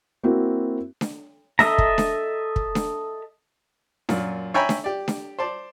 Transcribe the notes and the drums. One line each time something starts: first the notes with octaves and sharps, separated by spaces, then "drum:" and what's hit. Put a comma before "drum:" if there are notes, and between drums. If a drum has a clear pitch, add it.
A#3 C4 E4 F#4
drum: snare D4
A4 D#5 E5 A#5, drum: snare D4
drum: kick
drum: snare D4
drum: kick
drum: snare D4
F#2 A#2, drum: snare D4
C#5 E5 G5 G#5 A#5 B5
drum: snare D4
G4 D5
drum: snare D4
C5 D5 A5